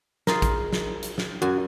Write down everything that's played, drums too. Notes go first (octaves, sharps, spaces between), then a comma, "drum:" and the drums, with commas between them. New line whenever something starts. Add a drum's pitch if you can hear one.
D#4 F4 G#4 A#4, drum: snare
drum: kick, hi-hat
drum: snare
drum: hi-hat
drum: snare
F#2 F#4 G#5